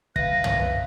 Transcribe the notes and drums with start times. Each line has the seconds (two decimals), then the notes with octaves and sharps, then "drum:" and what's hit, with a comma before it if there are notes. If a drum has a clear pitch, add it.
0.16 B4 E5 F5 A#6, drum: kick
0.44 drum: tom